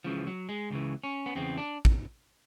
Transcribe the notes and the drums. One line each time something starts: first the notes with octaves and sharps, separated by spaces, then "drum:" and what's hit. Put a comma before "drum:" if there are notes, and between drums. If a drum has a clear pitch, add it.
C#2 C#3 E3 F3
F#3
G#3
C#2 C#3 E3
C#4
B3
E2 C#3 E3 C4
D4
drum: kick A1